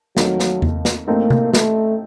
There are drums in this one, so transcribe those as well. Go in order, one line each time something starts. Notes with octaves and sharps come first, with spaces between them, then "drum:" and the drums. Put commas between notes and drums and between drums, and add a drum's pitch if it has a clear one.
F2 D#3 F#3 A3, drum: snare
drum: snare
drum: tom E2
drum: snare
A1 A2 A3 A#3 C4 D#4
drum: tom C3
A3, drum: snare